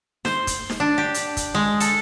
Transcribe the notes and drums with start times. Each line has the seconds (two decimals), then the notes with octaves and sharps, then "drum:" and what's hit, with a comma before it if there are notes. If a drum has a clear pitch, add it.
0.25 C5, drum: snare D#4
0.47 drum: kick, hi-hat
0.70 drum: snare D#4
0.80 D4
0.98 G4
1.14 drum: hi-hat
1.37 drum: kick, hi-hat
1.55 G#3
1.80 A4, drum: hi-hat